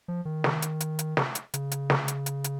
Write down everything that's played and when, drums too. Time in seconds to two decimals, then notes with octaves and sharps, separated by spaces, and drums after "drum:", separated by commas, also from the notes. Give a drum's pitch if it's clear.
0.08 F3
0.25 D#3
0.44 drum: snare
0.62 drum: hi-hat
0.80 drum: hi-hat
0.99 drum: hi-hat
1.17 drum: snare
1.35 drum: hi-hat
1.54 C#3, drum: hi-hat
1.72 drum: hi-hat
1.90 drum: snare
2.08 drum: hi-hat
2.26 drum: hi-hat
2.44 drum: hi-hat